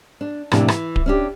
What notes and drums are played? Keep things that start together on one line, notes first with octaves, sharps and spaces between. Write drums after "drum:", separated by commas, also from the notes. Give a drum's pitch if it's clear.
D4
F2 A2 C3 E3 A#3 D4, drum: rim click
E3, drum: rim click
drum: kick D1
C#4 D4 G4